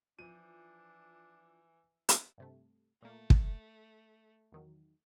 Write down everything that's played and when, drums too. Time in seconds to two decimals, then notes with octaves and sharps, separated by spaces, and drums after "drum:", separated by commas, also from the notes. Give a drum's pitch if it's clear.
0.19 E3 F3 D4 D#7
2.09 drum: hi-hat
2.38 G2 C3 A3
3.02 A#2 A3 A#3
3.30 drum: kick
4.52 E2 D#3 F#3